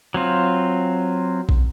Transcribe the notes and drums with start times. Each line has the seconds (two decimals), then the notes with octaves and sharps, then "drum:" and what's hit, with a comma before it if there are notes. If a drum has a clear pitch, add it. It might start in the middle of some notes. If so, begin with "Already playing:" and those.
0.14 F#3 C4 F4
1.49 drum: kick A#1